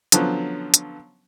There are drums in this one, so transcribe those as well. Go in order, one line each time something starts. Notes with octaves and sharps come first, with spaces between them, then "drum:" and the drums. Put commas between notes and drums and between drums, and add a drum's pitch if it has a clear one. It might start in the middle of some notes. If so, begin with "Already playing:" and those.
D3 F3 F#3 B3 C#4, drum: hi-hat
drum: hi-hat